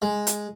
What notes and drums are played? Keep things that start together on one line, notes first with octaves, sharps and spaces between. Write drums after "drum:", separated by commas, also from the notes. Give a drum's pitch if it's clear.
G#3
drum: hi-hat